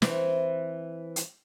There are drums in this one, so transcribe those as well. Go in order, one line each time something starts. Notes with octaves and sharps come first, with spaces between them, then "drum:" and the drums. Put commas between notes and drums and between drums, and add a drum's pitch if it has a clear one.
E3 C4, drum: snare
drum: hi-hat